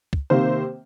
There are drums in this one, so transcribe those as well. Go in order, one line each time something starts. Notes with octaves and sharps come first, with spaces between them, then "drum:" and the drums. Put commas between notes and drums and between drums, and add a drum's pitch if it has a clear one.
drum: kick
C3 D#3 A#3 C5